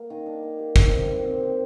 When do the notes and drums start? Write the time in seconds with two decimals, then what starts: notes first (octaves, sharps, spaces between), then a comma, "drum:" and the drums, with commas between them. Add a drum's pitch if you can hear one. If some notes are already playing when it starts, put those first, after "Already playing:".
Already playing: A#3
0.10 D#3
0.26 D4
0.43 A#3
0.59 G4
0.76 C4, drum: kick
0.91 G3
1.08 C4
1.24 C4
1.41 G4